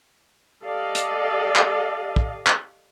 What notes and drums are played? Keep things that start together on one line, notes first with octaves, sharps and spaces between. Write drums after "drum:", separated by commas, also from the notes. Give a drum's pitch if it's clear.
G4 A4 D5 D#5 F5
drum: hi-hat
drum: clap
drum: kick
drum: clap